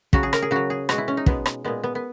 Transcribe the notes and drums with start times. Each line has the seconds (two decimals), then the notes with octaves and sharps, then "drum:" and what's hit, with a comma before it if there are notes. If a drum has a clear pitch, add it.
0.13 C#3 F#3 F#4, drum: kick
0.23 G#4
0.33 A#4, drum: rim click
0.42 G#4
0.51 C#3 F#3 F#4
0.70 G#4
0.89 B2 G#3 F#4, drum: rim click
0.98 E4
1.08 C#4
1.17 D#4
1.26 B2 G#3 B3, drum: kick
1.46 drum: rim click
1.64 A#2 G#3 B3
1.83 B3
1.95 B3